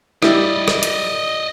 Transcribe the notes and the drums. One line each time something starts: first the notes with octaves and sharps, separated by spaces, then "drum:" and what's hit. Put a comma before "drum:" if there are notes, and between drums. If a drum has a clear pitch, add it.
G3 E4 D5 D#5, drum: rim click
drum: rim click
drum: hi-hat